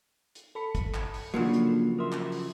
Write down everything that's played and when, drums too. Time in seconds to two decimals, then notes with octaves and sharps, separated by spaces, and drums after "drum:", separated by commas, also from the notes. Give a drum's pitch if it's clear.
0.35 drum: hi-hat
0.55 A4 B5 C#7
0.75 drum: kick, hi-hat
0.94 drum: clap
1.14 drum: open hi-hat
1.34 C#3 F3 F#3 A#3 D4
1.53 drum: hi-hat
1.98 A#4 E5 C6 D#6
2.12 drum: clap
2.32 drum: open hi-hat